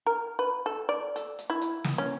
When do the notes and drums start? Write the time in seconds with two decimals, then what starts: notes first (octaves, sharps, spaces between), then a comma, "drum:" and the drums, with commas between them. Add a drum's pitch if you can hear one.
0.07 A#4
0.39 B4
0.66 A4
0.89 D5
1.16 A4, drum: hi-hat
1.39 drum: hi-hat
1.50 E4
1.62 drum: hi-hat
1.84 drum: snare
1.98 C#4